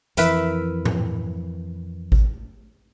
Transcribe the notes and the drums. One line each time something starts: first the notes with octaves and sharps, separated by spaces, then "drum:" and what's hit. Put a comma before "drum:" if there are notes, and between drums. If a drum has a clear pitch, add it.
F2 E3 A#4 B4 E5, drum: hi-hat
drum: tom G#2
drum: kick G#1